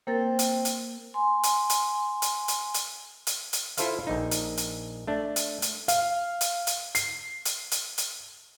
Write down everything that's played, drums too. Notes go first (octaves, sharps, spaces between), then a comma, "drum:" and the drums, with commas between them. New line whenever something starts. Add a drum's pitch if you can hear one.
A#3 C4 A#4 A6
drum: hi-hat
drum: hi-hat
G#5 C6
drum: hi-hat
drum: hi-hat
drum: hi-hat
drum: hi-hat
drum: hi-hat
drum: hi-hat
drum: hi-hat
E4 F4 A4 C5 E5 F5, drum: hi-hat
A#1 D#4
drum: hi-hat
drum: hi-hat
A3 D4
drum: hi-hat
drum: hi-hat
F5, drum: hi-hat
drum: hi-hat
drum: hi-hat
C7, drum: hi-hat
drum: hi-hat
drum: hi-hat
drum: hi-hat